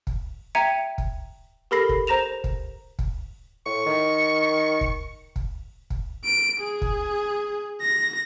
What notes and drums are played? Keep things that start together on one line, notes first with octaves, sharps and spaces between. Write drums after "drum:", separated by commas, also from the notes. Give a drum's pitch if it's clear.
drum: kick
E5 G5 A#5 G#6 C#7 D#7
drum: kick
G4 A4 A#4 B5 A#6 C7
drum: kick
C5 A#5 A#6 E7 F7
drum: kick
drum: kick
A2 C#6
D#3
drum: kick
drum: kick
drum: kick
D7
G#4
drum: kick
A#6